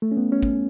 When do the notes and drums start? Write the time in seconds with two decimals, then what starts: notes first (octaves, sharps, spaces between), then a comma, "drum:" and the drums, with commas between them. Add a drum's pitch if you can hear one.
0.02 A3
0.12 C#4
0.17 B3
0.32 C#4
0.43 drum: kick